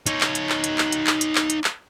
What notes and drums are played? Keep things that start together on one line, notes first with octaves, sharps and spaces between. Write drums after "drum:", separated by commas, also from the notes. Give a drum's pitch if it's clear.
D#4 C#5, drum: hi-hat
drum: clap
drum: hi-hat
drum: clap
drum: hi-hat
drum: clap
drum: hi-hat
drum: clap
drum: hi-hat
drum: clap
drum: hi-hat
drum: clap